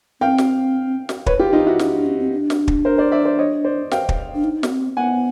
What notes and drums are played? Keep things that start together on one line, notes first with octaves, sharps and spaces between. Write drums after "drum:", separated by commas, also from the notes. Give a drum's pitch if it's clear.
C4 F5 G5
drum: snare
drum: snare
B4 C#5, drum: kick
F4 G4
D#4 F4
E4 F#4
D4, drum: snare
D4
C#4
C4
D4
drum: snare
drum: kick
A#4 C5
C5 D5
D5 E5
C5 D5
C#5 D#5
C5 D5
F5 G5, drum: snare
drum: kick
D4
D#4
B3, drum: snare
C4
B3 F#5 G#5